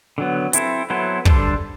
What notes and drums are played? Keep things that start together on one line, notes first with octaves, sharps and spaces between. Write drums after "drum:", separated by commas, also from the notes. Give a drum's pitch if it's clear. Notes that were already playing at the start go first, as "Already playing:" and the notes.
D3 F#3 B3
C4 E4 A4, drum: hi-hat
F#3 B3 E4 A4 C5
D3 G3 D4 A4 C5, drum: kick